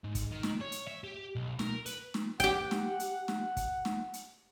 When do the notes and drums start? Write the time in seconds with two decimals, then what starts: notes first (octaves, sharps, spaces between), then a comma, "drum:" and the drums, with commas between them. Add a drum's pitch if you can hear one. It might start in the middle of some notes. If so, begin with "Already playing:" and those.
0.04 G#2
0.15 drum: kick, hi-hat
0.31 D#3
0.43 drum: snare
0.61 C#5
0.72 drum: hi-hat
0.87 E5
1.04 G4
1.36 B1
1.59 A#4, drum: snare
1.86 B4, drum: hi-hat
2.14 drum: snare
2.40 G4 F#5 G5, drum: kick, hi-hat
2.71 drum: snare
3.00 drum: hi-hat
3.28 drum: snare
3.57 drum: kick, hi-hat
3.85 drum: snare
4.14 drum: hi-hat